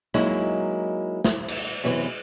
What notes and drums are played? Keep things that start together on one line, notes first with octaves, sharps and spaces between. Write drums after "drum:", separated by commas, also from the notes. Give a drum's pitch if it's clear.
F#3 G#3 A#3 D#4 E4, drum: rim click
drum: snare
drum: cymbal
F#2 C3 E3 B3